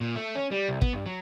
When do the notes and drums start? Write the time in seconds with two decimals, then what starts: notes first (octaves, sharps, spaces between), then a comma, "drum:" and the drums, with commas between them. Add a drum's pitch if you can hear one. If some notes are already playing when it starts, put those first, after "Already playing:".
0.01 A#2
0.16 A3
0.35 C#4
0.51 G3
0.69 C2
0.82 B3, drum: kick
0.94 G2
1.06 F#3